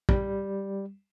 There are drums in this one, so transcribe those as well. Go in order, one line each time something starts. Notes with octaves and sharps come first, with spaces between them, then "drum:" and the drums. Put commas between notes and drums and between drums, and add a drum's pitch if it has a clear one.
G3, drum: kick